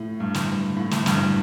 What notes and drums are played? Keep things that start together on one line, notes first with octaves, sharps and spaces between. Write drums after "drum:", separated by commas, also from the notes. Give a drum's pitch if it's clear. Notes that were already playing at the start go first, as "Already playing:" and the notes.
Already playing: A2
G2
drum: snare
A2
drum: snare
G2, drum: snare